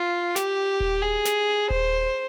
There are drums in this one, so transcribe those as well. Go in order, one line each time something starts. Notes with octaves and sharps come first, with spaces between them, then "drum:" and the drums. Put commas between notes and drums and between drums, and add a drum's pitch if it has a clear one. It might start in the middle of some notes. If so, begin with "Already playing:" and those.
Already playing: F4
G4, drum: snare
drum: kick D#1
G#4
drum: snare
C5, drum: kick D#1